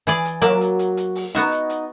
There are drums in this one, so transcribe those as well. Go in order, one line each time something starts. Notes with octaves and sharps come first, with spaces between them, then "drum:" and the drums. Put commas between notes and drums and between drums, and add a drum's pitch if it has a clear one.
E3 G#4 D5
drum: hi-hat
F#3 A#3 D5 E5, drum: hi-hat
drum: hi-hat
drum: hi-hat
drum: hi-hat
drum: open hi-hat
B3 D#4 F#4 E5, drum: hi-hat
drum: hi-hat
drum: hi-hat